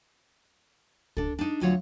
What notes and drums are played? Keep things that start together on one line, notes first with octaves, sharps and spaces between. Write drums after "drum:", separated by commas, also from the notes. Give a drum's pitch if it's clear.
D4 A4, drum: kick
D4 D#4
D2 F#3 F4 C#5 F#5